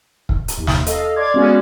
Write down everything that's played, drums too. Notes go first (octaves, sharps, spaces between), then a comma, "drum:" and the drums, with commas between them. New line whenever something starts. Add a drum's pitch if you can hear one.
drum: kick
drum: hi-hat
D#2
drum: snare
A4 D#5 F5, drum: hi-hat
D5 F5 C6 D6 G#6
G#3 B3 C#4 F#4 G#4 D5